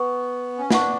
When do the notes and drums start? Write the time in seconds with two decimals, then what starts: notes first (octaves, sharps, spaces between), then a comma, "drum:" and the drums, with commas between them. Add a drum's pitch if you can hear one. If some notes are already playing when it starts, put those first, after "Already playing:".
Already playing: B3 B4 F#5 C#6
0.58 C#4
0.71 D4 B4 F#5 C#6, drum: snare